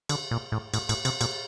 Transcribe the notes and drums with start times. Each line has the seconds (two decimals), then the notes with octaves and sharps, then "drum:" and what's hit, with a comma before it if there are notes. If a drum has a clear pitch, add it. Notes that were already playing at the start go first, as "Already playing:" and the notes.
0.09 D3, drum: cymbal
0.31 A#2
0.52 A2
0.74 A2, drum: cymbal
0.89 A2, drum: cymbal
1.05 C3, drum: cymbal
1.21 A#2, drum: cymbal